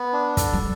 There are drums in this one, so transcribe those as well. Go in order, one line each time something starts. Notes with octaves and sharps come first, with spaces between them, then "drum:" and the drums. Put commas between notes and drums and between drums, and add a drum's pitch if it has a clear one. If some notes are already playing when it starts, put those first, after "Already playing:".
Already playing: B3
D4
A4, drum: kick, hi-hat
G3